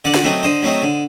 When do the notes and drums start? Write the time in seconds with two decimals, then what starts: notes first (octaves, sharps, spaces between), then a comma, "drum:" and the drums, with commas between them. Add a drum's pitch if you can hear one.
0.05 D3 D5 F#5
0.14 drum: snare
0.24 F#3 A3 C4 D#4
0.43 D3 C5 D#5
0.62 F#3 A3 C4 D#4
0.82 D3